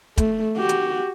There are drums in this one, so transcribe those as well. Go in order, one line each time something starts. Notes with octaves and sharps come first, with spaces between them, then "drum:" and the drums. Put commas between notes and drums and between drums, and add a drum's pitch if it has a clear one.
A3, drum: kick, hi-hat
F#4 G4
drum: hi-hat